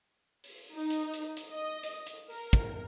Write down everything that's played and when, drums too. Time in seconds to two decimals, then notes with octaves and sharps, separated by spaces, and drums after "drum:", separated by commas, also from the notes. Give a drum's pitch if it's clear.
0.44 drum: open hi-hat
0.73 D#4
0.90 drum: hi-hat
1.14 drum: hi-hat
1.37 drum: hi-hat
1.52 D#5
1.83 drum: hi-hat
2.07 drum: hi-hat
2.30 A#4, drum: open hi-hat
2.53 drum: kick, hi-hat